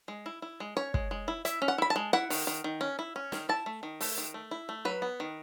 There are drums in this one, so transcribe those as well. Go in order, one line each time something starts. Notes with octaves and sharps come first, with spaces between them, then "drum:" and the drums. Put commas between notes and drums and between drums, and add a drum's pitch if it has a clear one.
G#3
E4
E4
G#3
C#4 C#5
G#3, drum: kick
G#3
E4
E4 E5, drum: hi-hat
C#4
F#5
E4 B5
A5
G#3
E4 F#5
D#3, drum: open hi-hat
D#3
D#3
C#4
E4
C#4
D#3, drum: snare
E4 A5
A3
D#3
A3, drum: open hi-hat
D#3
A3
E4
A3
F#3 B4
B3
D#3